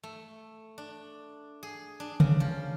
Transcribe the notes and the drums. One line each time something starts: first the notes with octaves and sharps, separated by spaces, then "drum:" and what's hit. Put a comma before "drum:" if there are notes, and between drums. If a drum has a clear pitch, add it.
A3
D4
G#4
D4
C#3, drum: tom C#3
F3